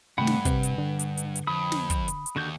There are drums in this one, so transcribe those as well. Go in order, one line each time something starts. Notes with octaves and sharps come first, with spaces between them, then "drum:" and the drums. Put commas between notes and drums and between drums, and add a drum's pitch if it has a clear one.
G2 C3 D#3 A3 F#5 B5
drum: snare
C3 B4, drum: kick, hi-hat
drum: hi-hat
D3
drum: hi-hat
drum: hi-hat
drum: hi-hat
F2 B5 D#6
drum: snare
drum: kick, hi-hat
drum: hi-hat
drum: hi-hat
D#2 D3 F#4 G6